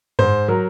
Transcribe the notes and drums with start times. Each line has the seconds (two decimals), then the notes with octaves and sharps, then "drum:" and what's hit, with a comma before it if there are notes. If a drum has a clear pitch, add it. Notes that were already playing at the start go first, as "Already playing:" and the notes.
0.19 G#2 C5, drum: tom F#2
0.48 F#3 A#4